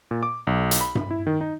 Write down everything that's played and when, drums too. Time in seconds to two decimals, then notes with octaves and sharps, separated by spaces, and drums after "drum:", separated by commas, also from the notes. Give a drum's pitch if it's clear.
0.11 A#2
0.23 D6
0.47 B1
0.71 drum: hi-hat
0.81 B5
0.95 drum: tom G2
1.11 E4
1.27 D#3
1.41 D#4